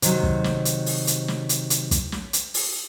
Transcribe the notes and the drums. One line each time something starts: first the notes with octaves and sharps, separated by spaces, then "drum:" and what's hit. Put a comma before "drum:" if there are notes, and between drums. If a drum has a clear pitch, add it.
C3 D#3 F#3, drum: hi-hat
drum: kick
drum: snare
drum: hi-hat
drum: open hi-hat
drum: hi-hat
drum: snare
drum: hi-hat
drum: hi-hat
drum: kick, hi-hat
drum: snare
drum: hi-hat
drum: open hi-hat